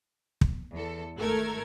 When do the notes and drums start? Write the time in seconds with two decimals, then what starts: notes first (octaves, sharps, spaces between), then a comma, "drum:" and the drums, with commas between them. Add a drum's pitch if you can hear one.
0.41 drum: kick
0.75 E2 A4
1.17 G#1 A3 A4 A#4 G#6